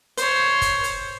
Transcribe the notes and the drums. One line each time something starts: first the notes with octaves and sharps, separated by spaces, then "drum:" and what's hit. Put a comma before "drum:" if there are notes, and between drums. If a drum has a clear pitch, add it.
C5 C#5, drum: hi-hat
drum: kick, hi-hat
drum: hi-hat